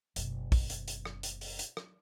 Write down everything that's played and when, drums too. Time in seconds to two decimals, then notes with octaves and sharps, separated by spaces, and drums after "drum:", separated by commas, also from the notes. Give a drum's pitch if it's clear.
0.16 F#1 B2, drum: hi-hat
0.52 drum: kick, open hi-hat
0.70 drum: hi-hat
0.88 drum: hi-hat
1.05 drum: rim click
1.23 drum: hi-hat
1.41 drum: open hi-hat
1.59 drum: hi-hat
1.77 drum: rim click